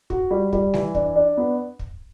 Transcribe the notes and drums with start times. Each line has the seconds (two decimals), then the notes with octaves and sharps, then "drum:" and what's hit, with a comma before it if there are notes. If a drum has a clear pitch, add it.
0.10 F#4, drum: kick
0.31 G3
0.53 G3, drum: kick
0.74 E3, drum: snare G3
0.95 D4, drum: kick
1.16 D4
1.37 B3
1.79 drum: kick